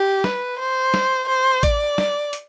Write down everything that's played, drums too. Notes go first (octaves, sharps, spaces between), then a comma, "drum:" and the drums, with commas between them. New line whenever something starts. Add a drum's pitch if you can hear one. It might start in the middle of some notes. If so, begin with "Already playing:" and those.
Already playing: G4
B4, drum: snare
C5
drum: snare
C5
D5, drum: kick A1, hi-hat
drum: snare
drum: hi-hat